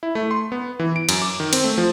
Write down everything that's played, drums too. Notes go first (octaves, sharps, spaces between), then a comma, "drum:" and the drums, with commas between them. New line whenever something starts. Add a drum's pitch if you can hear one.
E4
A3
C6
B3
E3
D7
F#2, drum: cymbal
D6
D#3
C4, drum: cymbal
A3
F3